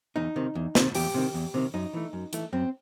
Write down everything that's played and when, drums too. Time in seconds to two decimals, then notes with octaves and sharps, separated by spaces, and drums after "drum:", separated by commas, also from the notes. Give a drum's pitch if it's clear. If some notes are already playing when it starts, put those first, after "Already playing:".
0.16 E2 D#4
0.36 C3 D#3
0.55 E2
0.75 C3 D#3, drum: snare
0.95 E2 G4, drum: open hi-hat
1.14 C3 D#3
1.34 E2
1.54 C3 D#3
1.74 F#2 D#4
1.93 E3 A3
2.13 F#2
2.33 E3 A3, drum: hi-hat
2.53 F#2 C4